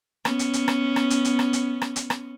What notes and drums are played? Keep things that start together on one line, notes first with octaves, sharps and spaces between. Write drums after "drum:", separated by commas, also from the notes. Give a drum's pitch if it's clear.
B3 C#4, drum: rim click
drum: hi-hat
drum: hi-hat
drum: rim click
drum: rim click
drum: hi-hat
drum: hi-hat
drum: rim click
drum: hi-hat
drum: rim click
drum: hi-hat
drum: rim click